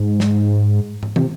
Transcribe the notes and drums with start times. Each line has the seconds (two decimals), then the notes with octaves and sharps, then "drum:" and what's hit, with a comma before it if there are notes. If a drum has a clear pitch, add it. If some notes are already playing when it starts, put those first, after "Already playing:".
Already playing: G#2
0.20 drum: snare
1.03 drum: tom
1.16 C3, drum: tom